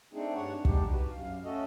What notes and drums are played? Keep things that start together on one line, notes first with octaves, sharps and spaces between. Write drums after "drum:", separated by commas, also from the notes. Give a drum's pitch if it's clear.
A3 C4 D4 D#4 G#4
G2 D4 C#5 F#5
G3 G#3 D4 D#4 G4, drum: kick
F#4 G4 B4
F#2 F5
A3 C#4 F#4 A4 D#5